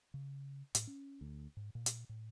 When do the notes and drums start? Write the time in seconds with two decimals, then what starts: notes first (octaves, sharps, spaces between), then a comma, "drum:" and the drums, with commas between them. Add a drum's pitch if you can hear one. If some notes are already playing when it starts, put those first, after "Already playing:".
0.14 C#3
0.75 A2, drum: hi-hat
0.87 C#4
1.21 D2
1.57 G#2
1.75 A#2
1.86 drum: hi-hat
2.09 A2